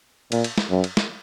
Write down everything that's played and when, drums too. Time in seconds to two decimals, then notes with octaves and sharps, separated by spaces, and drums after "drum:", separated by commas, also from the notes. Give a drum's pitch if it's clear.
0.32 A#2, drum: cymbal
0.44 drum: cymbal
0.58 drum: snare
0.70 F#2
0.84 drum: cymbal
0.97 drum: snare